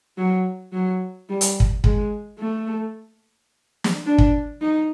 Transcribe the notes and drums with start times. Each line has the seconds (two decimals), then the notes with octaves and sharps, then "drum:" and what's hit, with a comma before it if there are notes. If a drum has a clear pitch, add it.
0.17 F#3
0.73 F#3
1.29 G3
1.41 drum: hi-hat
1.60 drum: kick
1.84 G#3, drum: kick
2.39 A3
3.84 drum: snare
4.06 D4
4.18 drum: kick
4.61 D#4